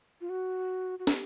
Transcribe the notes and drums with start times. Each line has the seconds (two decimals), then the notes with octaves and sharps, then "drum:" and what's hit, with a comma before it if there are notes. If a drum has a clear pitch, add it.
0.21 F4
0.29 F#4
0.99 F#4
1.07 G4, drum: snare